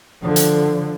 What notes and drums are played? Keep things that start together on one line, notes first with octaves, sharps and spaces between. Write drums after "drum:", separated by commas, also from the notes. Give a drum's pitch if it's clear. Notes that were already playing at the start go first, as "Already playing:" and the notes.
D3 F3
drum: hi-hat